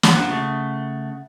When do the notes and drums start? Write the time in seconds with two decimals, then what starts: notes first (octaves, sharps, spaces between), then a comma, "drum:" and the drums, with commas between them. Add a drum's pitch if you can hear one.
0.03 drum: snare
0.14 G2 A#2 F3 F#5
0.28 C#3 A3